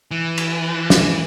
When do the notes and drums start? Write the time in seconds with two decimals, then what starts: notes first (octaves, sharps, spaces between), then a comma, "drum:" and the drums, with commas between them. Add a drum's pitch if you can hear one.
0.11 E3
0.38 drum: cymbal
0.90 drum: snare